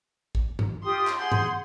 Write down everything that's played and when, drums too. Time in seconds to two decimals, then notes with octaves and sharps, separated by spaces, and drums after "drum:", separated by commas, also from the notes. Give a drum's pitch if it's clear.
0.35 drum: kick A1
0.59 drum: tom G2
0.83 F4 G4 C6 D#6
1.07 drum: clap
1.17 G#4 F#5 C6 G6
1.32 drum: tom G2